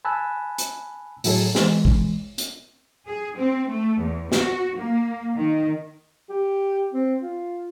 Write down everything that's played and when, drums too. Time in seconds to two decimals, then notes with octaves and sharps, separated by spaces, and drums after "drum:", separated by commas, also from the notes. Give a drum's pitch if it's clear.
0.05 G#5 A5 B5 E6 F#6
0.58 drum: hi-hat
1.24 A2 F#3 E4 G#4 A4, drum: open hi-hat
1.55 E3 G#3, drum: snare
1.85 drum: kick
2.38 drum: hi-hat
3.06 G#4
3.37 C4
3.68 A3
4.00 E2
4.32 F#4, drum: snare
4.76 A#3
5.37 D#3
6.30 G4
6.93 C4
7.21 F4